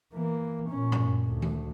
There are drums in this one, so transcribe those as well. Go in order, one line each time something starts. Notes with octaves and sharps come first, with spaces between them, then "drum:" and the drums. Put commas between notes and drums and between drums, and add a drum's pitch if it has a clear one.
E3 A#3
A#2 C#4
drum: tom F#2
D2
drum: tom D#3